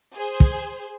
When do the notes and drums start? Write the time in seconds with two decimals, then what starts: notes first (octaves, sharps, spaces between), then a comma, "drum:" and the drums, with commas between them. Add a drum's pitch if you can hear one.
0.14 G#4 C5
0.40 drum: kick